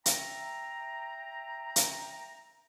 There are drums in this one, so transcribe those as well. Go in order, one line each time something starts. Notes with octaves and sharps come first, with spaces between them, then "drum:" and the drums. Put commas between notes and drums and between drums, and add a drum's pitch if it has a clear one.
E5 G5 A#5, drum: hi-hat
drum: hi-hat